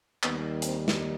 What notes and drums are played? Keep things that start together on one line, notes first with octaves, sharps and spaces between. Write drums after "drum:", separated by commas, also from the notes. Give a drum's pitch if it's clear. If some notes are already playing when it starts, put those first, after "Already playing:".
D#2 D#3 G3 B3, drum: clap
C4, drum: hi-hat
drum: snare